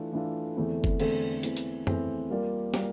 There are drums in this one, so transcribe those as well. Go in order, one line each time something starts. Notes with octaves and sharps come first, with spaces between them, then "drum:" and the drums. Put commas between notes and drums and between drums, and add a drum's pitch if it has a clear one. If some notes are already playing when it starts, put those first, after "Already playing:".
Already playing: E3 A3 D4 F4 A4
E3 A3 D4 F4 A4
E2 D3 A3 C4 E4
drum: kick F#1
E2 D3 A3 C4 E4, drum: cymbal
E2 E3 A3 C4, drum: hi-hat
drum: hi-hat
E2 E3 A3 C4, drum: tom
G3 A#3 F4 A#4 D5
G3 A#3 F4 A#4, drum: snare